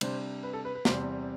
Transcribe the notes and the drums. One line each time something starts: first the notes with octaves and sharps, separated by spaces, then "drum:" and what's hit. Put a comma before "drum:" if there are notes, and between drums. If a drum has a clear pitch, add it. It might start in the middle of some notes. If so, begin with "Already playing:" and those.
C3 G3 D4 C5, drum: cymbal
B4
A4
B4
B4
E2 C3 G3 C4 C5, drum: snare